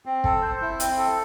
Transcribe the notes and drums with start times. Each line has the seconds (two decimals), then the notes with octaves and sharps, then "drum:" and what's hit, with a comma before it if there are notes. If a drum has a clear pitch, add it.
0.06 C4
0.24 A4, drum: kick
0.42 C5
0.61 E4
0.80 C4, drum: hi-hat
0.98 A4